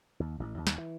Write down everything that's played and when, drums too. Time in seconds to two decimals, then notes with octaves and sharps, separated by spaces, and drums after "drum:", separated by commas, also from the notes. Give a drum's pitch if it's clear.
0.20 D#2
0.40 A1
0.58 D#2
0.67 drum: snare
0.78 E3